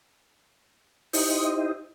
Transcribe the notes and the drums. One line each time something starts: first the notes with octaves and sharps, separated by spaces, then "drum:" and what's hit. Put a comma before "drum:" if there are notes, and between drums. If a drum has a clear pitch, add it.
D#4 E4 G4 C5 D#5, drum: open hi-hat